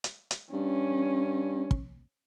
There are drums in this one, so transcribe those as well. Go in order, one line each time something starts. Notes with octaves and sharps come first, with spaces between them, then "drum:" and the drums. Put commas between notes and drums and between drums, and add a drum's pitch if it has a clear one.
drum: hi-hat
drum: hi-hat
G2 C#4
drum: kick